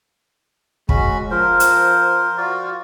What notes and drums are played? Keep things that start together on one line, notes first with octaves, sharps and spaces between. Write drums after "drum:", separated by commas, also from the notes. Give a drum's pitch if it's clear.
G#3 C#4 F#4 B5, drum: kick
F3 A#4 C5
drum: hi-hat
F4 F#4 D5